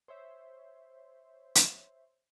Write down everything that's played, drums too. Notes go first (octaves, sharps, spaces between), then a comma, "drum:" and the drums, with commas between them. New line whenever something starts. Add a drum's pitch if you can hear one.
C5 C#5 E5
drum: hi-hat